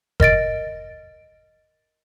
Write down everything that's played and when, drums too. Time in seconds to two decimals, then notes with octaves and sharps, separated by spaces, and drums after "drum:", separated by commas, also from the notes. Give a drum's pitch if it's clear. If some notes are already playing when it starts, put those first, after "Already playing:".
0.20 A#4 D#5 A6 D7, drum: kick F#1